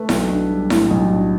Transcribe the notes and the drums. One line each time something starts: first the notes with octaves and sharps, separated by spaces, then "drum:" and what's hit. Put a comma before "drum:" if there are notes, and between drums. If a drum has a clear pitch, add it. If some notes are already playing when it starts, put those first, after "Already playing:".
Already playing: A3 B4
B1, drum: snare E4
D4
G3
A2, drum: snare E4
B1
D4